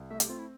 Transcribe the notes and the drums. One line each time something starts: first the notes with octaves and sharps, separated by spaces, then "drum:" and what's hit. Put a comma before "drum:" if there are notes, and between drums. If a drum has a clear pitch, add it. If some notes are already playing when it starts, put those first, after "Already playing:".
Already playing: C2
A3 E5
G4, drum: hi-hat
C4 F4
E4